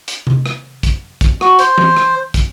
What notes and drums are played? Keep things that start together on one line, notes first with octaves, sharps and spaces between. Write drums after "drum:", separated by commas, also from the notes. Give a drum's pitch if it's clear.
drum: hi-hat
drum: tom C3
drum: rim click
drum: kick, hi-hat
drum: kick, hi-hat
F#4, drum: rim click
C5, drum: hi-hat
drum: tom E3
drum: rim click
drum: kick, hi-hat